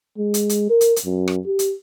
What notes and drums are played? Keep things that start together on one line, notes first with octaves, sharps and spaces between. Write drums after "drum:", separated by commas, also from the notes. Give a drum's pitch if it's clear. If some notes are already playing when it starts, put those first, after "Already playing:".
G#3
drum: hi-hat
drum: hi-hat
A#4
drum: hi-hat
drum: hi-hat
F#2
drum: rim click
G4
drum: hi-hat